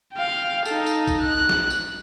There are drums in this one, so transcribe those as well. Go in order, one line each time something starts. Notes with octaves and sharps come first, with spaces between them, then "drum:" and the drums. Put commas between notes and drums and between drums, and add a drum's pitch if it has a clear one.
F5 G5
D#4 A4, drum: tambourine
drum: tambourine
drum: kick A#1, tambourine
F#6
drum: snare
drum: tambourine